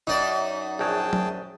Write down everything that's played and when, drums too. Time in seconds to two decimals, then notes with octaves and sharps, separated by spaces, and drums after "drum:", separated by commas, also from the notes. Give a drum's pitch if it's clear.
0.07 F#2 D#4 D5
0.79 A#1 F#3 G#4 G5 A5
1.13 drum: tom F#3